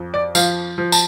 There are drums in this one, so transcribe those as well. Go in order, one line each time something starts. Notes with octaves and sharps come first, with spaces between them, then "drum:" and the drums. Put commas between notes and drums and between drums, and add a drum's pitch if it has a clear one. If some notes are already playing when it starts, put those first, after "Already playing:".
Already playing: F2
D5
F3 F5, drum: tambourine
F3
A5, drum: tambourine